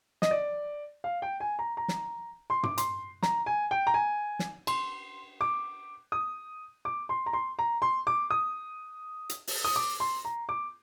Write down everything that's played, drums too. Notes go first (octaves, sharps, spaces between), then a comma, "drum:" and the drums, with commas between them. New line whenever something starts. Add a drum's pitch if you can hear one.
D#5, drum: snare
D5
F5
G5
G#5
A#5
A#5
drum: snare
C6
D6, drum: tom
C6, drum: hi-hat
A#5, drum: snare
G#5
G5
A#5
G#5
drum: snare
C6, drum: cymbal
D6
D#6
D6
C6
A#5
C6
A#5
C6
D6
D#6
drum: hi-hat
drum: open hi-hat
D#6
D6
C6
A#5
D6